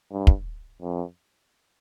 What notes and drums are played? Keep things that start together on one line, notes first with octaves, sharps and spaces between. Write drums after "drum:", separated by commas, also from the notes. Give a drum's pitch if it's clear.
G2
drum: kick
F2